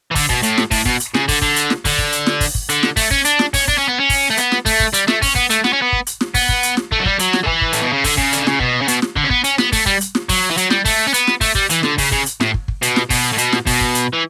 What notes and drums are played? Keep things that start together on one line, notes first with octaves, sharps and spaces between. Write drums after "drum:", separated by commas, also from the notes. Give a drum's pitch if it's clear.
E3
D3, drum: kick, open hi-hat
B2, drum: kick
A2, drum: hi-hat
drum: snare
A2, drum: kick, open hi-hat
B2, drum: kick
drum: hi-hat
C#3, drum: snare
D3, drum: kick, open hi-hat
D3, drum: kick
drum: hi-hat
drum: snare
D3, drum: kick, open hi-hat
drum: kick
drum: hi-hat
drum: snare
drum: kick, open hi-hat
drum: kick
D3, drum: hi-hat
drum: snare
A3, drum: kick, open hi-hat
C#4, drum: kick
D4, drum: hi-hat
drum: snare
C#4, drum: kick, open hi-hat
D4, drum: kick
C#4
B3
C#4
drum: kick, open hi-hat
A3
B3, drum: hi-hat
drum: snare
A3, drum: kick, open hi-hat
drum: kick
G3, drum: hi-hat
A3, drum: snare
C#4, drum: kick, open hi-hat
B3, drum: kick
A3, drum: hi-hat
B3, drum: snare
C#4
B3
drum: kick
drum: hi-hat
drum: snare
B3, drum: kick, open hi-hat
drum: kick
drum: hi-hat
drum: snare
A3, drum: kick
F#3
G3, drum: kick
F#3, drum: hi-hat
drum: snare
D3
E3, drum: kick
drum: kick
A2, drum: hi-hat
B2
C#3
D3, drum: kick, open hi-hat
C#3, drum: kick
D3, drum: hi-hat
C#3, drum: snare
B2, drum: kick
C#3
B2, drum: hi-hat
drum: snare
D3, drum: kick
C#4
B3, drum: kick
C#4, drum: hi-hat
B3, drum: snare
A3, drum: kick, open hi-hat
G3, drum: kick
drum: hi-hat
drum: snare
F#3, drum: kick, open hi-hat
E3
F#3, drum: hi-hat
G3, drum: snare
A3, drum: kick, open hi-hat
C#4
B3, drum: hi-hat
drum: snare
A3, drum: kick, open hi-hat
G3, drum: kick
E3, drum: hi-hat
D3, drum: snare
C#3, drum: kick, open hi-hat
C#3, drum: kick
drum: hi-hat
A2, drum: snare
drum: kick
drum: kick
B2, drum: hi-hat
drum: snare
B2, drum: kick, open hi-hat
A2
B2, drum: hi-hat
drum: snare
B2, drum: kick, open hi-hat
drum: kick
drum: hi-hat
E3